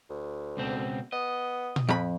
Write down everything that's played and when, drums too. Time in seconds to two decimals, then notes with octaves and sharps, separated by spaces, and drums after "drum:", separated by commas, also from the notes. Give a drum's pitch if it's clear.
0.10 D2
0.57 C#2 B2 C4
1.12 B3 D#5
1.76 drum: tom A#2
1.89 F2 B5